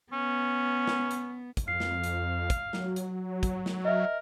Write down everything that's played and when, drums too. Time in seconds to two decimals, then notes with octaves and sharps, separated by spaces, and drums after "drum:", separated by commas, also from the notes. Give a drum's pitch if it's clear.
0.12 B3 C#4
0.87 drum: snare
1.11 drum: hi-hat
1.57 drum: kick, hi-hat
1.68 F2 F5 C7
1.80 drum: snare
2.04 drum: hi-hat
2.50 drum: kick, hi-hat
2.73 F#3, drum: snare
2.96 drum: hi-hat
3.43 drum: kick, hi-hat
3.66 drum: snare
3.85 A#4 D#5 E5